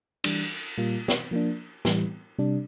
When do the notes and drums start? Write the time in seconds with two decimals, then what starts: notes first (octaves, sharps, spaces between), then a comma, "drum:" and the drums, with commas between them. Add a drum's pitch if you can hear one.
0.24 E3 G3 D4, drum: cymbal
0.78 A#2 G3 A#3 F4
1.08 drum: snare
1.31 F3 A#3 D4
1.85 A2 E3 G3, drum: snare
2.39 C3 G3 D4